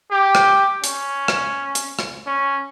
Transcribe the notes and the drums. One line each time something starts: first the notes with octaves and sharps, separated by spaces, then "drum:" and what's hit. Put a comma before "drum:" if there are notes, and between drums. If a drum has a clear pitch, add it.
G4
drum: rim click
C#4, drum: hi-hat
drum: rim click
drum: hi-hat
drum: rim click
C#4